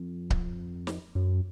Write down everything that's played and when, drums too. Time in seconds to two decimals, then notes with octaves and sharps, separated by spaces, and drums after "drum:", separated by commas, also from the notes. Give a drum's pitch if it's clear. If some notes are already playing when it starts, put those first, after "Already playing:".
Already playing: F2
0.30 drum: kick C#1
0.87 drum: snare
1.15 F#2